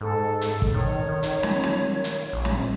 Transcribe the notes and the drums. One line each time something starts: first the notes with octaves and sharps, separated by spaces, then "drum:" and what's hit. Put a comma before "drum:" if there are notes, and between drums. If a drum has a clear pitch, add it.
G#2 A4
drum: hi-hat
drum: kick
D#3 C#5
D#3
drum: hi-hat
drum: snare
drum: snare
drum: hi-hat
A#1
drum: snare